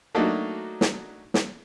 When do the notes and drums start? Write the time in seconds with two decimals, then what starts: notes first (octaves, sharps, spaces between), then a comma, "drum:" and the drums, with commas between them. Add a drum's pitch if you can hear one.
0.15 F#3 A3 A#3 D4 D#4 F#4
0.81 drum: snare
1.34 drum: snare